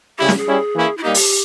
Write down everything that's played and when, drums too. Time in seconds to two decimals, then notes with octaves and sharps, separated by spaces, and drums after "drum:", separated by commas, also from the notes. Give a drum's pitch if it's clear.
0.18 C#3 G3 C#4 E4 G4
0.29 G4, drum: snare
0.38 G#4
0.47 G3 C#4 E4
0.75 E3 A#3 C#4 E4
0.98 E4
1.03 G3 A#3 D#4 G4
1.14 drum: open hi-hat